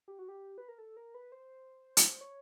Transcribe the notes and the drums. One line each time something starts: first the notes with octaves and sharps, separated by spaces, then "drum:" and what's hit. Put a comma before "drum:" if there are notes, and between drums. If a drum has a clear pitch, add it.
G4
F#4
G4
B4
A#4
A4
A#4
B4
C5
drum: hi-hat
C#5